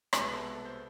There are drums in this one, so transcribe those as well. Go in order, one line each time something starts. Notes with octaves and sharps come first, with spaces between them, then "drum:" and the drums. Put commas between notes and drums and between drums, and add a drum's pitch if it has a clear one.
C2 B2 G#3 B3 G#5, drum: rim click
B4
A4
A4
C5